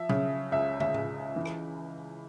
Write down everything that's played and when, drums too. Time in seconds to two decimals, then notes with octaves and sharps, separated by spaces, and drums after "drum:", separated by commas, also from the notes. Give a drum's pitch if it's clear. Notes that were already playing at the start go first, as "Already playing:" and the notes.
Already playing: F3 E5
0.09 C#3, drum: tom F#3
0.52 C#2 E5
0.80 E5, drum: tom
0.94 C#2, drum: tom A2
1.36 E3
1.45 drum: rim click